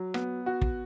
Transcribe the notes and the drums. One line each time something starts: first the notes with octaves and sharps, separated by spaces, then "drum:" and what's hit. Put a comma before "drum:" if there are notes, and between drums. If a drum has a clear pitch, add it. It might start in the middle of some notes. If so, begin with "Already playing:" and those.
Already playing: F#3
B3, drum: rim click
F#4
drum: kick